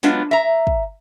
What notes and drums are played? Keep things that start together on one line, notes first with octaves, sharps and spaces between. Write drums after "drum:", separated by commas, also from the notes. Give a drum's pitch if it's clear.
F#3 G#3 B3 D4 F4, drum: snare
E5 A#5
drum: kick